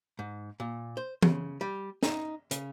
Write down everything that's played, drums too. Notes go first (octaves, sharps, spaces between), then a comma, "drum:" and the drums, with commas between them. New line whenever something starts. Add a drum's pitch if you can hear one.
G#2
A#2
C5
C#3, drum: tom
G3
D#4, drum: snare
C#3, drum: hi-hat